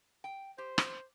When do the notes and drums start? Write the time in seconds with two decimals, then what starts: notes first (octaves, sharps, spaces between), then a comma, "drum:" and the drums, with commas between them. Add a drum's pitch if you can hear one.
0.24 G5
0.58 G4 C5
0.78 drum: rim click